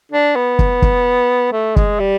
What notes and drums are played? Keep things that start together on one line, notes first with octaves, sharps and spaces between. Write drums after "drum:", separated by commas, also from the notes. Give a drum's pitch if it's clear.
D4
B3
drum: kick
drum: kick
A3
G#3, drum: kick
G3